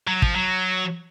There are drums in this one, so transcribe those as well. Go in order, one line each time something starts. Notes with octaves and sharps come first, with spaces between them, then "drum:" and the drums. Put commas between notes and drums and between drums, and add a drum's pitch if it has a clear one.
F#3
F3, drum: kick
F#3